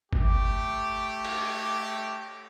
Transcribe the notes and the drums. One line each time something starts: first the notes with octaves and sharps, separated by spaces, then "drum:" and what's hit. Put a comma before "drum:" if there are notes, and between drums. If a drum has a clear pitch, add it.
A3 G4 D6, drum: kick G1
drum: cymbal